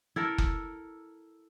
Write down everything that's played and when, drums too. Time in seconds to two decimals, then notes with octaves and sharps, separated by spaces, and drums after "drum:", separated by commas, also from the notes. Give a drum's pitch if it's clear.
0.16 E4 A4 A#4
0.38 drum: kick F#1